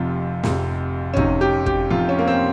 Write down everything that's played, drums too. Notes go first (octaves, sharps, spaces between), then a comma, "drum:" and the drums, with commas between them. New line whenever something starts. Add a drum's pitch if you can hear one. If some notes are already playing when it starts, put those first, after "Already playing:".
Already playing: F1 F2 C3 F4
F1 F2 C3, drum: snare
C#4
F1 F2 C3 D#4, drum: kick
G4
G4, drum: kick
F1 F2 C3 F4
C#4
A#3
C4